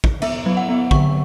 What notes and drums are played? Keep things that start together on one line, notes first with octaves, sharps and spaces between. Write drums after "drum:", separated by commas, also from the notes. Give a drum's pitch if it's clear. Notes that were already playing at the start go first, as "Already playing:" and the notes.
drum: kick
B3 E5, drum: cymbal
F#3
F#5
B3
D3 C#6, drum: kick